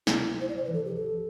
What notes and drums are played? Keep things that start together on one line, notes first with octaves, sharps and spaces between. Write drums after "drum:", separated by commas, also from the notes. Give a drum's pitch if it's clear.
C3 E4, drum: snare
C5
D5
C5
B4
E3
F3 A4
G4
A4